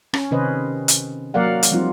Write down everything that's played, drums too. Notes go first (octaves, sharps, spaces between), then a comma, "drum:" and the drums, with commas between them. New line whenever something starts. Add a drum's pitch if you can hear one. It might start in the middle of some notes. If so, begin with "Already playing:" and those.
C#4, drum: rim click
C3 D#3 C#4 B4 C5 D#5
drum: hi-hat
F#3 A#3 A#4 D5 F5 F#5
drum: hi-hat
F3 G3 C4 D#4 F4